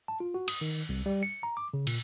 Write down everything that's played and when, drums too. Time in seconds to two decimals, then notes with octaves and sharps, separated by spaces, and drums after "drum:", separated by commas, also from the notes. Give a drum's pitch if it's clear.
0.08 A5
0.20 F4
0.34 F#4
0.48 D#6, drum: cymbal
0.61 D#3
0.89 C2
1.06 G3
1.23 C#7
1.43 A#5
1.57 D6
1.74 C#3
1.87 A#2, drum: cymbal